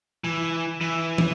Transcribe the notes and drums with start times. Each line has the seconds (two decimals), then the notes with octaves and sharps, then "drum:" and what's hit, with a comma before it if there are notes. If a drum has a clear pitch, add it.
0.24 E3
0.81 E3
1.18 drum: tom